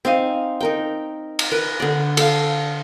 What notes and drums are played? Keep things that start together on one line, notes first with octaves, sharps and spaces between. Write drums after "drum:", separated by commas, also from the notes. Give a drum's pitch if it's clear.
C4 D#4 F5 G#5
D#4 A#4 G5
drum: cymbal
A#4 B4
D3 D5
A4 F5, drum: cymbal